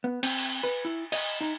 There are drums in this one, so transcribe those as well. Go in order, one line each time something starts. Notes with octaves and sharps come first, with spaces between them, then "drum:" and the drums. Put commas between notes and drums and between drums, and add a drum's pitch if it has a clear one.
B3
C4, drum: cymbal
drum: cymbal
B4
E4
D#5, drum: cymbal
D#4